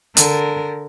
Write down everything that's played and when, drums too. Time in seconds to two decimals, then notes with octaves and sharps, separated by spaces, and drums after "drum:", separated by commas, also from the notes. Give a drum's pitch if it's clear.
0.17 D3 A#4, drum: hi-hat